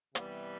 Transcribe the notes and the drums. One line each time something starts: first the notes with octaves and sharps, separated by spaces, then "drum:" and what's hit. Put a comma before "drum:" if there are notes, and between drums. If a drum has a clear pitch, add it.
C3 E3 G3 B3, drum: hi-hat